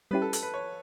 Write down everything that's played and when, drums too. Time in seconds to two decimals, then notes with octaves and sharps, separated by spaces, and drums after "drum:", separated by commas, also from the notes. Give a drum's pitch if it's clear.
0.11 G3 C#4 E4 G4 B4
0.22 A4
0.33 A4, drum: hi-hat
0.43 B4
0.54 C#5